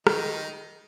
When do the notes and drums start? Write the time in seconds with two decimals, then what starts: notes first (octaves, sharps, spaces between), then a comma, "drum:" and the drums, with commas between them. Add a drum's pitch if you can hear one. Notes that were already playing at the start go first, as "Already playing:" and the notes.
0.07 D#3 D#4, drum: rim click